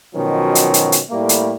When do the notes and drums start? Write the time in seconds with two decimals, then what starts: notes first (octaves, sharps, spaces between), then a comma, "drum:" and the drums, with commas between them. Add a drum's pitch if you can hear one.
0.15 B2 D#3 F3 F#3 C#4
0.55 drum: hi-hat
0.74 drum: hi-hat
0.92 drum: hi-hat
1.11 A2 G3 A3 A#3
1.29 drum: hi-hat